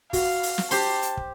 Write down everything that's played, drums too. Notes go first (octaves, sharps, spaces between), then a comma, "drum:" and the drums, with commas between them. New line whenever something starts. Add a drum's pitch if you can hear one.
F#4 F5, drum: kick, open hi-hat
drum: open hi-hat
drum: snare
G4 C5 A5 C6, drum: open hi-hat
drum: hi-hat
drum: kick